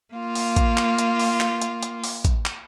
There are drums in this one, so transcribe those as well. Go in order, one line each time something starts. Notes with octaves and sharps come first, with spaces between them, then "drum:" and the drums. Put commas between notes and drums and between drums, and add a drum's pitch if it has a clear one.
A#3 F4
drum: open hi-hat
drum: kick, hi-hat
drum: clap
drum: hi-hat
drum: open hi-hat
drum: clap
drum: hi-hat
drum: hi-hat
drum: open hi-hat
drum: kick, hi-hat
drum: clap